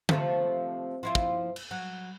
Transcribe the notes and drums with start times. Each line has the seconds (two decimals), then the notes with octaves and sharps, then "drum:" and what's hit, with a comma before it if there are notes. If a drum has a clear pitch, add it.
0.09 C3 F3 A3, drum: tom D3
1.03 F3 E4 F4
1.15 drum: kick
1.56 drum: cymbal
1.71 F#3